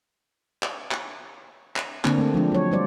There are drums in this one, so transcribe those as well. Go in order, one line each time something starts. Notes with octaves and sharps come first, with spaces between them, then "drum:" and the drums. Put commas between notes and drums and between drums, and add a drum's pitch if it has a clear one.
drum: clap
drum: clap
drum: clap
D3 A#3 C4 D4, drum: clap
A3 C4
F3 G#3 D4
F#3 C#5
G3 F4 C5 D5